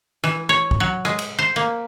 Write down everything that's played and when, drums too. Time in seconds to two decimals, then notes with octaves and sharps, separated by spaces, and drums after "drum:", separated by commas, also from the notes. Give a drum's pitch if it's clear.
0.24 E3, drum: rim click
0.49 C#5
0.71 drum: kick C2
0.80 F#3
1.05 G#3, drum: rim click
1.19 drum: cymbal
1.39 C5
1.56 A#3